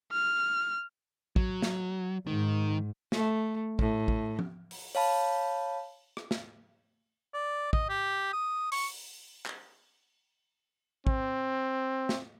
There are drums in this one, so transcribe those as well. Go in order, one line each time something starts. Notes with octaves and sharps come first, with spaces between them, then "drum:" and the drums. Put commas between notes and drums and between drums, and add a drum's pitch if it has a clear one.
F6
F#3, drum: kick
drum: snare
G#2 D#3
A3, drum: snare
A2, drum: kick
drum: kick
drum: tom F3
drum: open hi-hat
C#5 F5 A5 B5, drum: open hi-hat
drum: rim click
drum: snare
D5
D#5, drum: kick
G4
D#6
C#6, drum: open hi-hat
drum: clap
C4, drum: kick
drum: snare